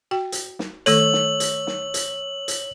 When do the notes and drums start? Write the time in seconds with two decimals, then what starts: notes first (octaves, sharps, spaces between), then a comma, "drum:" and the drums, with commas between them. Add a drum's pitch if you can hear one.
0.11 F#4 G5
0.32 drum: hi-hat
0.59 drum: snare
0.86 D#3 A3 A4 C#5 E6 F#7, drum: hi-hat
1.13 drum: snare
1.40 drum: hi-hat
1.67 drum: snare
1.94 drum: hi-hat
2.48 drum: hi-hat